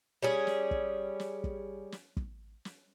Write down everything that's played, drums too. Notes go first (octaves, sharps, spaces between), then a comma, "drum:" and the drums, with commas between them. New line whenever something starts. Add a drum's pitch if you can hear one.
G3 C#4 G#4
drum: snare
drum: kick
drum: snare
drum: kick
drum: snare
drum: kick
drum: snare